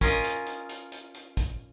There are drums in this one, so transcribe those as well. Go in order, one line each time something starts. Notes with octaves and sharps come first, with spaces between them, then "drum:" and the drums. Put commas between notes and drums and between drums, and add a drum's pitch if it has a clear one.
C#4 F4 A#4 D#5, drum: kick, hi-hat
drum: hi-hat
drum: hi-hat
drum: hi-hat
drum: hi-hat
drum: hi-hat
drum: kick, hi-hat